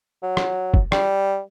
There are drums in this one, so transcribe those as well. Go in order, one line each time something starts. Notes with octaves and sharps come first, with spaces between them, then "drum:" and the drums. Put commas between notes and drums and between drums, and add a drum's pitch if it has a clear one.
F#3
drum: rim click
drum: kick
G3, drum: rim click